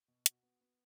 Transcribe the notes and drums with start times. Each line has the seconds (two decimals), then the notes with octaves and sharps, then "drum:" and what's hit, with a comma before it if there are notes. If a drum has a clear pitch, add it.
0.08 B2
0.26 F#4, drum: hi-hat
0.43 B3
0.61 B3